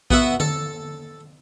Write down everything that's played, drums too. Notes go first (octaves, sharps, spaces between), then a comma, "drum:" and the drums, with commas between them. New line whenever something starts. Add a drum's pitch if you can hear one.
B3 F#4 E5, drum: kick A#1
A4, drum: tom D3